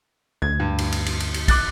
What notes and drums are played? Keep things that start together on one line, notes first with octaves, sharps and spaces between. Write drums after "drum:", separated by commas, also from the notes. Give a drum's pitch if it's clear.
D2 G#6
G2
drum: cymbal
drum: cymbal
drum: cymbal
drum: cymbal
drum: cymbal
D6 F#6 A6, drum: kick, cymbal